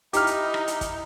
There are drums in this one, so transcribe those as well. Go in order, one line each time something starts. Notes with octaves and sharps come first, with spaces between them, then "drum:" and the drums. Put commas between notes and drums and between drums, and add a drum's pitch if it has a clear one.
D#4 E4 G4 F6, drum: hi-hat
drum: hi-hat
drum: rim click
drum: hi-hat
drum: kick, hi-hat